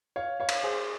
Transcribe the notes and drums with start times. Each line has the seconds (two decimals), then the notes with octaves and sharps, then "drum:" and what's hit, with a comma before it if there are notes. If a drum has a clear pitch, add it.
0.16 C#5 F5
0.40 C#5 F5
0.49 drum: cymbal
0.63 G#4 C5